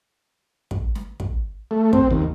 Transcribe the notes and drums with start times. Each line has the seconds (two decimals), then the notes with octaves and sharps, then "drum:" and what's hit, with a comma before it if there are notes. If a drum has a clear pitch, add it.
0.71 drum: kick
0.95 drum: snare
1.20 drum: kick
1.71 A3
1.93 C4, drum: kick
2.11 D#2